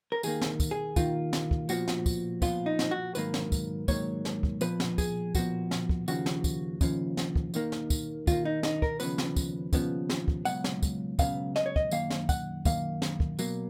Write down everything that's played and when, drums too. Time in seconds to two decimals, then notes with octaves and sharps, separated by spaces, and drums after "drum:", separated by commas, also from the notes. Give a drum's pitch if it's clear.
0.12 A#4
0.23 D#2 D#3 A#3 G#4, drum: tambourine
0.41 drum: snare
0.60 drum: kick, tambourine
0.71 G#4
0.96 D#2 D#3 A#3 F4, drum: kick, tambourine
1.33 drum: snare
1.51 drum: kick
1.69 A#2 F3 B3 F#4, drum: tambourine
1.88 drum: snare
2.06 drum: kick, tambourine
2.42 A#2 F3 B3 F4, drum: kick, tambourine
2.66 D#4
2.79 drum: snare
2.91 F#4
3.15 G#2 D#3 F#3 A#3 B4, drum: tambourine
3.34 drum: snare
3.52 drum: kick, tambourine
3.88 G#2 D#3 F#3 A#3 C#5, drum: kick, tambourine
4.25 drum: snare
4.43 drum: kick
4.61 A#2 F3 B3 B4, drum: tambourine
4.80 drum: snare
4.98 G#4, drum: kick, tambourine
5.35 A#2 F3 B3 F#4, drum: kick, tambourine
5.71 drum: snare
5.89 drum: kick
6.08 D#2 C#3 F3 F#4, drum: tambourine
6.26 drum: snare
6.44 drum: kick, tambourine
6.81 D#2 C#3 F3, drum: kick, tambourine
7.17 drum: snare
7.36 drum: kick
7.54 D#2 D#3 A#3, drum: tambourine
7.72 drum: snare
7.90 drum: kick, tambourine
8.27 D#2 D#3 A#3 F4, drum: kick, tambourine
8.45 D#4
8.63 D#4, drum: snare
8.82 A#4, drum: kick
9.00 D#2 C#3 F3 B3 B4, drum: tambourine
9.18 drum: snare
9.36 drum: kick, tambourine
9.73 D#2 C#3 F3 B3, drum: kick, tambourine
10.09 drum: snare
10.28 drum: kick
10.45 C#2 C#3 F#3 B3 F#5, drum: tambourine
10.64 drum: snare
10.83 drum: kick, tambourine
11.19 C#2 C#3 F#3 B3 F5, drum: kick, tambourine
11.56 D#5, drum: snare
11.66 C#5
11.76 D#5, drum: kick
11.91 F#2 D#3 A#3 F5, drum: tambourine
12.10 drum: snare
12.29 F#5, drum: kick, tambourine
12.65 F#2 D#3 A#3 F5, drum: kick, tambourine
13.02 drum: snare
13.20 drum: kick
13.39 B2 F#3 A#3, drum: tambourine